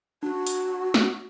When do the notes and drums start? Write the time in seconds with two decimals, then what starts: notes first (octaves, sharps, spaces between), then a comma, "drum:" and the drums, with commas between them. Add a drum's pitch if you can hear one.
0.23 D4 F#4
0.47 drum: hi-hat
0.94 drum: snare